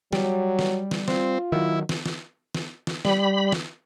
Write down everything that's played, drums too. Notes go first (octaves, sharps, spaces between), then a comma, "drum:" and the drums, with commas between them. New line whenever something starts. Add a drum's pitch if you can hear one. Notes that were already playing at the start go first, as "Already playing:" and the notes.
F#3 G3, drum: snare
drum: snare
drum: snare
C4 F4, drum: snare
D#3 F#3 E4
drum: snare
drum: snare
drum: snare
drum: snare
G3 B5, drum: snare
drum: snare